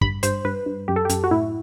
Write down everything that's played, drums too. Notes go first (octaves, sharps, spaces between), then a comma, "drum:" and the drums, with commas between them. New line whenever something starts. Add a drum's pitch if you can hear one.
G2 B5, drum: kick
G2 C5, drum: hi-hat
G2 B4
G2
F#2 G4
A4
G4
F#2, drum: hi-hat
F#4
A2 E4